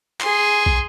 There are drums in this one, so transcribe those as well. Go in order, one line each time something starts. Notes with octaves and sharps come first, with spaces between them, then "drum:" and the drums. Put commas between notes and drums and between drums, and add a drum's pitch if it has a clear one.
G#4 C6, drum: clap
drum: kick